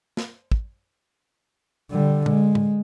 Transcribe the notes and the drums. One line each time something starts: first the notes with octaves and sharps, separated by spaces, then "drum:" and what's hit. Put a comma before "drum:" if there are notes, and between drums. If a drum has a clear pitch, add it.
drum: snare
drum: kick
D3 G3
G#3, drum: tom
drum: tom